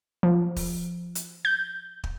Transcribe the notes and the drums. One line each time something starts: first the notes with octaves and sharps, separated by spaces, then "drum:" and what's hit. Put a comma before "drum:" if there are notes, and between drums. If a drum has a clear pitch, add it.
F3
drum: kick, open hi-hat
drum: hi-hat
G6
drum: kick